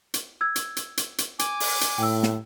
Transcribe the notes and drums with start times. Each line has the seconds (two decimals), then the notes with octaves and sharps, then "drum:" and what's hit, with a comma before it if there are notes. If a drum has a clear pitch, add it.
0.14 drum: hi-hat
0.41 E6 G#6
0.56 drum: hi-hat
0.76 drum: hi-hat
0.97 drum: hi-hat
1.18 drum: hi-hat
1.39 G#5 D6, drum: hi-hat
1.60 drum: open hi-hat
1.81 drum: hi-hat
1.98 A2 G5 E6
2.23 drum: snare